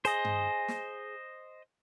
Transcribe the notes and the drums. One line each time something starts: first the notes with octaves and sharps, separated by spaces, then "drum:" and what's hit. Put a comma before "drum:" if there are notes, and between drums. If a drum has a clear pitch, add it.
G#4 C5 D#5, drum: hi-hat
drum: tom G2
drum: snare